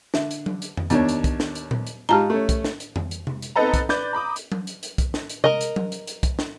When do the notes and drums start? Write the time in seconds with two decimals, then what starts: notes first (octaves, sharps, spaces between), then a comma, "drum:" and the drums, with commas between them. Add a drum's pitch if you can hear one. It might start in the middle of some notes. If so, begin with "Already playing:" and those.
0.14 D3 E5, drum: snare
0.31 drum: hi-hat
0.46 drum: tom F#3
0.62 drum: hi-hat
0.77 drum: tom F2
0.90 D#2 B3 D4 C#5, drum: hi-hat
1.09 drum: hi-hat
1.24 drum: kick, hi-hat
1.40 drum: snare
1.55 drum: hi-hat
1.71 drum: tom A#2
1.87 drum: hi-hat
2.09 G#2 F4 G4 A5 A#5
2.30 A3 C#4
2.49 drum: kick, hi-hat
2.65 drum: snare
2.80 drum: hi-hat
2.96 drum: tom F2
3.11 drum: hi-hat
3.27 drum: tom C3
3.42 drum: hi-hat
3.55 B3 C4 D#4 A4 B4 A#5
3.74 drum: kick, hi-hat
3.89 B4 D5 G6, drum: snare
4.13 A#5 B5 D6 D#6
4.36 drum: hi-hat
4.52 drum: tom F#3
4.67 drum: hi-hat
4.83 drum: hi-hat
4.98 drum: kick, hi-hat
5.14 drum: snare
5.30 drum: hi-hat
5.44 A#4 D#5, drum: tom C3
5.61 drum: hi-hat
5.76 drum: tom F#3
5.92 drum: hi-hat
6.07 drum: hi-hat
6.23 drum: kick, hi-hat
6.39 drum: snare